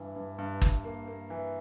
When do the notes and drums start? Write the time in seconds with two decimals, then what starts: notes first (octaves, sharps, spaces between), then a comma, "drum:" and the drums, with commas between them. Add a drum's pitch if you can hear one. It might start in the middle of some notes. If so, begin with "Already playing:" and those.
Already playing: G2 E3
0.16 G2
0.38 G2
0.62 G2, drum: kick
0.84 A#3
1.07 A#3
1.30 E3